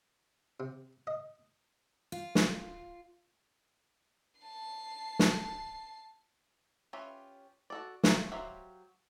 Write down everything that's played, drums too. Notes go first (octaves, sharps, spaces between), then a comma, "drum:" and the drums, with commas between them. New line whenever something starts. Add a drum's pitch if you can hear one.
C3
D#5
F4
drum: snare
A5 C7
drum: snare
C#4 F4 G4 B4 E5
F#4 A4 D5
F3 A3 C#4 D#4 A#5, drum: snare
F#3 G4 C5 E5 F5